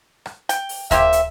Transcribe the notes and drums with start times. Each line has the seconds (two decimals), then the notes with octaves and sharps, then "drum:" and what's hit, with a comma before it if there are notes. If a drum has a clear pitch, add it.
0.26 drum: rim click
0.49 G5, drum: hi-hat
0.69 drum: open hi-hat
0.91 A#3 C4 G4 E5, drum: kick D2, hi-hat
1.13 drum: hi-hat